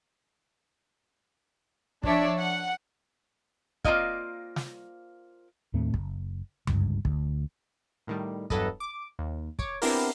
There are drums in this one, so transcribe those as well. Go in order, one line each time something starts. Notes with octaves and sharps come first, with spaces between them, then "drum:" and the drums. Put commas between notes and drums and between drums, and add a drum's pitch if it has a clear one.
F3 D4 C#5 D5 E5, drum: kick
F#5
A#3 C4 F4 D5 D#5 F5, drum: kick
drum: snare
D#2 A2 A3 C4
F#1, drum: kick
G1 C#2 G2, drum: tom F#2
D2, drum: kick
A2 D#3 G3
E2 G2 F#3 A4 B4 D#5, drum: kick
D6
D#2
C#5 D6, drum: kick
B3 C4 D4 E4 G4 A#4, drum: open hi-hat